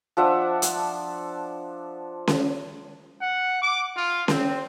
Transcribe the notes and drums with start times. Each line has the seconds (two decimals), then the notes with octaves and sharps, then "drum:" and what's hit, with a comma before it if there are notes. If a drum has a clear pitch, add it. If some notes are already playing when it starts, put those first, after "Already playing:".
0.17 F3 D4 E5 F#5
0.62 drum: hi-hat
2.27 drum: snare C#4
3.21 F#5
3.61 D6
3.96 F4
4.28 C4, drum: snare C#4